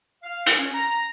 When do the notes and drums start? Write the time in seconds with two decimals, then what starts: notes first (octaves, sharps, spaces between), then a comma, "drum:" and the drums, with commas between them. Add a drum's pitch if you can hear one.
0.23 F5
0.46 drum: hi-hat
0.59 C#4
0.74 A#5